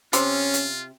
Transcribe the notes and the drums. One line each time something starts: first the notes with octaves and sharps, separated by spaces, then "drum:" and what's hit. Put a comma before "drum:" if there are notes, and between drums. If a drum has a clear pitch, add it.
C3 C#4 F4, drum: hi-hat
drum: hi-hat